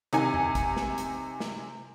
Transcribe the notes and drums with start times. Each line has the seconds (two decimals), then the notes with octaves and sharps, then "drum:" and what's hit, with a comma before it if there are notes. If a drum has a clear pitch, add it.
0.13 C3 D#4 G#5, drum: hi-hat
0.34 drum: tom E2
0.55 drum: kick, hi-hat
0.77 drum: snare
0.98 drum: hi-hat
1.40 drum: snare